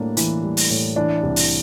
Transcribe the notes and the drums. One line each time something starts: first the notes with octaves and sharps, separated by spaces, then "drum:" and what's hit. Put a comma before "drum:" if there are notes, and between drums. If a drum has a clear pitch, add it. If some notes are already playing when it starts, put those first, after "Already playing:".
Already playing: A2 G3 A#3 D4
E3, drum: hi-hat
G3
drum: open hi-hat
A2
E3 D4
C2
drum: open hi-hat